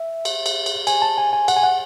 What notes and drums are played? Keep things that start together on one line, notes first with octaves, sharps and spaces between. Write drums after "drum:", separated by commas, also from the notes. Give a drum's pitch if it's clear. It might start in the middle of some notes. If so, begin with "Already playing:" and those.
Already playing: E5
drum: cymbal
drum: cymbal
drum: cymbal
G#5, drum: cymbal
A5
G#5
G#5
F#5, drum: cymbal
G#5
F#5